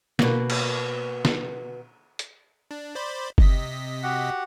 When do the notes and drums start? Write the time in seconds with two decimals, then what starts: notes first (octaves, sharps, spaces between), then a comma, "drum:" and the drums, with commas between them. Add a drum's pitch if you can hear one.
0.19 B2 A#3, drum: snare
0.50 drum: cymbal
1.25 drum: snare
2.19 drum: hi-hat
2.71 D4
2.95 C5 D5 B5
3.38 C3 D#5 B6, drum: kick F#1
4.03 F#4 G4 F#5